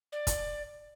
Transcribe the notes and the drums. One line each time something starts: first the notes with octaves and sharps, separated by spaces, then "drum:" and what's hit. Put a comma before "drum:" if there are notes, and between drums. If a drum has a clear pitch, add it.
D5
drum: kick, hi-hat